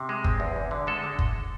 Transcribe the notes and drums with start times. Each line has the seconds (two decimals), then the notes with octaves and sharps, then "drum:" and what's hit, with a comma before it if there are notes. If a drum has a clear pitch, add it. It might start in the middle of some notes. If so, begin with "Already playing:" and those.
Already playing: C3
0.09 G#3
0.24 C4, drum: kick
0.40 E2
0.56 E2
0.71 D3
0.87 G#3 A4
1.04 D3
1.19 drum: kick